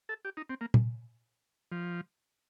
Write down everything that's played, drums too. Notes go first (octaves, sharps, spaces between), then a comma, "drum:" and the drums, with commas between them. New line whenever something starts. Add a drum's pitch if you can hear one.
A4
G4
D#4
C4
A#3
drum: tom A#2
F3